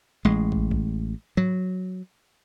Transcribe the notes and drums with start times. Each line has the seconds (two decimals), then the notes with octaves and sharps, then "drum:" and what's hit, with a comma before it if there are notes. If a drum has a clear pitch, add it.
0.25 A1 G#3
0.52 drum: kick
0.71 drum: kick
1.37 F#3, drum: tom